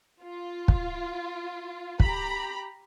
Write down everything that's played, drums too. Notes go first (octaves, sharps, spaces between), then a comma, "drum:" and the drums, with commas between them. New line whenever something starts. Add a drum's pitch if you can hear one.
F4
drum: kick
G4 A#5 B5, drum: kick